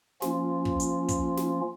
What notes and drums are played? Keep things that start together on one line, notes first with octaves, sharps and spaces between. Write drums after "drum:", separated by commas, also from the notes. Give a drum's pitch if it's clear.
F3 A#3 C#4 F4, drum: snare
drum: kick
drum: hi-hat
drum: kick, hi-hat
drum: snare